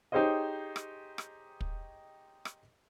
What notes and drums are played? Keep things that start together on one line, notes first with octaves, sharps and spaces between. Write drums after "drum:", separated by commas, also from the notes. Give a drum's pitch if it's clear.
D#4 G4 G#4 C5 C#5 D#5
drum: rim click
drum: rim click
drum: kick
drum: rim click